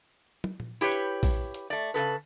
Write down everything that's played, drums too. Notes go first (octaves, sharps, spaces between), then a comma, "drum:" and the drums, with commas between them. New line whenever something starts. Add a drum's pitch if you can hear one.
drum: tom
drum: tom A#2
E4 G4 B4 C#5
drum: hi-hat
drum: kick A#1, open hi-hat
drum: hi-hat
A3 D5
C#3 E3 A4 B4